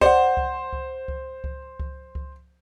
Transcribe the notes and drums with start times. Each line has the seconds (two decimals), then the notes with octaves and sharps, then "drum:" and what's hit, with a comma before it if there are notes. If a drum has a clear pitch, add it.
0.01 C5 D5 F#5, drum: kick C#2
0.37 drum: kick C#2
0.73 drum: kick C#2
1.08 drum: kick C#2
1.44 drum: kick C#2
1.80 drum: kick C#2
2.15 drum: kick C#2